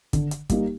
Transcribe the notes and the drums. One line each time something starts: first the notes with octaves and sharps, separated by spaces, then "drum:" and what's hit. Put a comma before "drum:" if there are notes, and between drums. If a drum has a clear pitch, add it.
D3, drum: kick, hi-hat
drum: hi-hat
G3 A#3 D#4, drum: kick, hi-hat